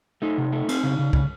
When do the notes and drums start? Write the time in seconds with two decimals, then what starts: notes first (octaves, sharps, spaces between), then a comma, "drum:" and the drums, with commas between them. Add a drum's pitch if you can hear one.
0.22 A3 D#4
0.38 C3
0.52 A3
0.69 C4, drum: cymbal
0.83 C#3
0.99 C#3
1.13 C#3, drum: kick